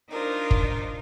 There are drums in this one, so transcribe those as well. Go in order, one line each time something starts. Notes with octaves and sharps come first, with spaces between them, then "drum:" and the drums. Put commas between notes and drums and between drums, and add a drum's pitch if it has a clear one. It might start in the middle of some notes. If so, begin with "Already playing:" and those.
D4 D#4 F4 A#4 C5
drum: kick